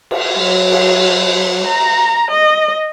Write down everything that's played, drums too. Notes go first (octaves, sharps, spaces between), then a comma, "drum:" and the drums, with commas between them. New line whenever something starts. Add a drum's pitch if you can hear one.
drum: cymbal
F#3
drum: cymbal
A#5
D#5